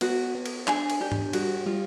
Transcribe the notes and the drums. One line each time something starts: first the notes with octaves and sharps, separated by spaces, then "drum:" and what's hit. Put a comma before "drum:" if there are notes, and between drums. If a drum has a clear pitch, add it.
B3 F#4, drum: cymbal
B3
drum: cymbal
D4 G#4, drum: clap
drum: cymbal
D4 G4
drum: tom G#2
G3 F#4, drum: cymbal
G3 F4